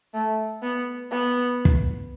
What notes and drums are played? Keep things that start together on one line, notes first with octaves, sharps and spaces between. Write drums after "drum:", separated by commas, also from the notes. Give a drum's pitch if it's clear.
A3
B3
B3
drum: kick